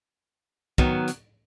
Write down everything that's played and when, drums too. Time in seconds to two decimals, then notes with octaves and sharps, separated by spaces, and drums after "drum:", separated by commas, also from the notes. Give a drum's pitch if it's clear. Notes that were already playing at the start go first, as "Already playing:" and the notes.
0.78 D#3 F#3 B3, drum: kick
1.08 drum: hi-hat